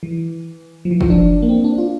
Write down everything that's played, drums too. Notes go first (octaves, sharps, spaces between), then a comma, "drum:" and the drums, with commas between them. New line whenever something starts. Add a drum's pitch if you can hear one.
E3
F3
E3
F3, drum: kick
D4
A#3
C4
D4
F4